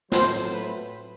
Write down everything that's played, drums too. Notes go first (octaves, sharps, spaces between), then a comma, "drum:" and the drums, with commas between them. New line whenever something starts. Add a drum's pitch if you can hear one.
A2 F#3 A3 C4 C5, drum: snare
B4